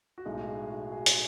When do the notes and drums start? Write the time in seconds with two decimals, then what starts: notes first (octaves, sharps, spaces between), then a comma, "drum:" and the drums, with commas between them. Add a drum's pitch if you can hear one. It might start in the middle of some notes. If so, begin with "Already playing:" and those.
0.18 F#4
0.25 B1 A2 G#3 D#4 G#4
0.48 G#4
0.70 F#4
0.92 G#4
1.06 drum: hi-hat